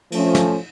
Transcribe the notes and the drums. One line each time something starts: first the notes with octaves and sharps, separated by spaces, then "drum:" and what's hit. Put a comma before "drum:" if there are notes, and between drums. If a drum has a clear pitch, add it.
F3 A3 C#4, drum: cymbal
drum: snare